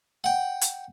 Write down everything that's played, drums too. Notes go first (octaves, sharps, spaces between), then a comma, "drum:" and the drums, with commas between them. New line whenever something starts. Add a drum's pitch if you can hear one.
F#5 G5
drum: hi-hat